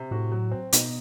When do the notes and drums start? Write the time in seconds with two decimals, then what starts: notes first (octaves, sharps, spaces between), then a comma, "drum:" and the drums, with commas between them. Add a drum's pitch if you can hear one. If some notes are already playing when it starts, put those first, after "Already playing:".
Already playing: C3
0.11 A2 F#4
0.32 F#3
0.51 C4
0.72 B2 D#4, drum: hi-hat